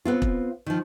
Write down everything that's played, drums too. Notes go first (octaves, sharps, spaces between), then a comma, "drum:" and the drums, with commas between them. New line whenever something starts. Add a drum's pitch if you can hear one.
B3 C4 F4
drum: kick E1
D#3 F3